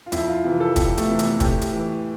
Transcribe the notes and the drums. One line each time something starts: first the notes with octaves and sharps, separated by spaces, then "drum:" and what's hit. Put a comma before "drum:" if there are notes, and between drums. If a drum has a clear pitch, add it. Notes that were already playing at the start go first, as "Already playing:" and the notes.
F4
F2 E4, drum: hi-hat
F4
C3 E3 F4
A4
F2 G4, drum: kick, hi-hat
A3, drum: hi-hat
C3 E3
B3, drum: hi-hat
A2 G4, drum: kick, hi-hat
drum: hi-hat
E3